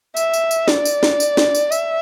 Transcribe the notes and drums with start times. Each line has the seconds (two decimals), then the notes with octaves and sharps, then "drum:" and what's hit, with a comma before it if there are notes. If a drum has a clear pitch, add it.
0.17 E5, drum: tambourine
0.34 drum: tambourine
0.51 drum: tambourine
0.68 D5, drum: snare
0.85 drum: tambourine
1.03 drum: snare
1.20 drum: tambourine
1.37 drum: snare
1.55 drum: tambourine
1.72 E5, drum: tambourine